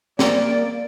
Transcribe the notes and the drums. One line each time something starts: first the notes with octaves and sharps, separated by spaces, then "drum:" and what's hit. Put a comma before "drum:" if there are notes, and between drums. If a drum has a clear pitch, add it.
A#3 D5, drum: snare